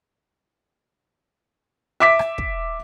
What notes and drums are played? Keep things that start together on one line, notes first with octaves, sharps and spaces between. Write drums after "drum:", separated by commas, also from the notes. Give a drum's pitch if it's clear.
E5 D6 B6
drum: rim click
drum: kick